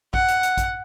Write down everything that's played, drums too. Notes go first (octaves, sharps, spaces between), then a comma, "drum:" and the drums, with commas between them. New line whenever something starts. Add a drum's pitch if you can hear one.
F#5, drum: kick
drum: hi-hat
drum: hi-hat
drum: kick, hi-hat